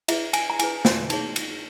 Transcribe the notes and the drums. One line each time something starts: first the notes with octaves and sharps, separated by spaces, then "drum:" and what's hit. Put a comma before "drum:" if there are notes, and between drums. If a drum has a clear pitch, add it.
E4 G#4 B4 E5, drum: cymbal
G#5, drum: cymbal
A#5
E4 G#4 B4 G#5, drum: cymbal
drum: snare
D#4 G#4 C#5, drum: cymbal
drum: cymbal